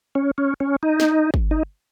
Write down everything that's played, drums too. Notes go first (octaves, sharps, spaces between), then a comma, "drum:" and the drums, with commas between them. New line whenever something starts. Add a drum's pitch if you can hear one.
C#4
C#4
C#4
D#4
drum: snare
drum: kick
D#4